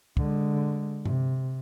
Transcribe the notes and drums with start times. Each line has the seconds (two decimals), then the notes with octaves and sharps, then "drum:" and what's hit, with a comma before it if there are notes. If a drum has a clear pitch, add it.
0.17 D3 G#3, drum: kick
1.05 C3, drum: tom G2